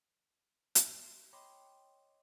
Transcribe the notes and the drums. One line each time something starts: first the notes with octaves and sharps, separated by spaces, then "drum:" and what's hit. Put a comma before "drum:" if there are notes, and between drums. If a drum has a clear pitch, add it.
drum: hi-hat
C#5 D#5 G5 B5 C6 D6